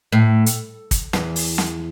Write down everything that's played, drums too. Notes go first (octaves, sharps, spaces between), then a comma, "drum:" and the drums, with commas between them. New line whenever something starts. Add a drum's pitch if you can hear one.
A2
drum: hi-hat
drum: kick, hi-hat
E2, drum: snare
drum: open hi-hat
drum: snare